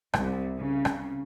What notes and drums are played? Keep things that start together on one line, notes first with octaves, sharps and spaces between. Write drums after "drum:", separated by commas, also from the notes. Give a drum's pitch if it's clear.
C2, drum: rim click
C#3
drum: rim click